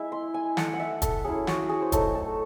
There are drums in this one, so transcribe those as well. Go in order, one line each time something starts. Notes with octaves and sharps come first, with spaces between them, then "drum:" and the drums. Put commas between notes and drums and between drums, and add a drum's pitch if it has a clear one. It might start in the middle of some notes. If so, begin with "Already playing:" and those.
Already playing: G#3 E4 E5
C6
G#5
A3 D#4 F#5, drum: snare
F#5
E5
A4, drum: kick, hi-hat
F#3 C#4 E4 G#4
F#4, drum: snare
G#4
C5
F#3 A3 D#4 A4, drum: kick, hi-hat
A4